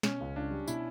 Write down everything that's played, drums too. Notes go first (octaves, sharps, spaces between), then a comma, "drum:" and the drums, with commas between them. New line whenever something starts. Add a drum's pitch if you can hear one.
B2 C#4, drum: snare
C#2
C#2 D4
G3
B2 E4, drum: tambourine